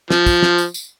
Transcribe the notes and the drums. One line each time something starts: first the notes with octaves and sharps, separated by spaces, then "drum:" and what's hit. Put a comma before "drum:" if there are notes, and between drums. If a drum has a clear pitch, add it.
F3, drum: snare
drum: kick, tambourine
drum: snare
drum: tambourine
drum: tambourine